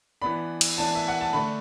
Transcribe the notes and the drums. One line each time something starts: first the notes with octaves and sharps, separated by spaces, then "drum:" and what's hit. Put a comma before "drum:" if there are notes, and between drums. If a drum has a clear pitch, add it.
E3 B3 D4 B5
drum: cymbal
E3 B3 D4 A5
E5
F#5
A5
D3 A3 D4 B5